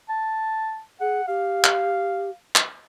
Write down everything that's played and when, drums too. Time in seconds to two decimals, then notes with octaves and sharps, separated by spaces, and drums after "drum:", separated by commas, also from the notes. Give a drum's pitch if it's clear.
0.10 A5
1.01 G#4 F#5
1.28 G4 F5
1.64 drum: clap
2.55 drum: clap